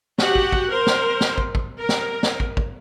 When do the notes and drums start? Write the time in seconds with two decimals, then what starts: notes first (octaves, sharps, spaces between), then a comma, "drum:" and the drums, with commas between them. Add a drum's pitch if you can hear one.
0.18 F#4 G4 F#5, drum: snare
0.35 drum: kick
0.52 drum: kick
0.68 A#4 C5
0.87 drum: snare
1.21 drum: snare
1.38 drum: kick
1.55 drum: kick
1.78 A#4
1.89 drum: snare
2.23 drum: snare
2.40 drum: kick
2.57 drum: kick